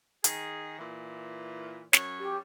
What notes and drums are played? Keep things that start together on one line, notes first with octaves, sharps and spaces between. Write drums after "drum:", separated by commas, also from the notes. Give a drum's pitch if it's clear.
D#3 G#4, drum: hi-hat
A#2 E3
F#2 C#5, drum: snare
G4